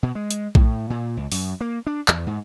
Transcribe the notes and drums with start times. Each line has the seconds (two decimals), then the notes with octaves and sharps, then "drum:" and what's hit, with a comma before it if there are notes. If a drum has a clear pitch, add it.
0.03 B2
0.15 G#3
0.31 drum: hi-hat
0.55 A2, drum: kick A#1
0.90 A#2
1.17 C#2
1.32 F#2, drum: open hi-hat
1.61 A#3
1.87 D4
2.08 E2, drum: clap
2.27 G#2